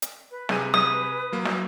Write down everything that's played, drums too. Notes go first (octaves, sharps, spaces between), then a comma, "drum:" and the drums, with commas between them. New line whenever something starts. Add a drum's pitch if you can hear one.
drum: hi-hat
B4
C3 G#4 D#7, drum: snare
D#6, drum: snare
F#3 A#3
drum: snare